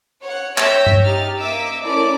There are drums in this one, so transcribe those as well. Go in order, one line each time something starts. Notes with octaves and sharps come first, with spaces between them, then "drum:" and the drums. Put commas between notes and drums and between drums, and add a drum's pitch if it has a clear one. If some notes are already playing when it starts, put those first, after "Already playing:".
C#5 F#5
C#5 E5 G5 E6 G6 A#6, drum: clap
drum: tom G2
D#4 G4 F6 A6
A#3 D#5 E5 D6 E6
A3 C#4 E4 A#4 D5 D6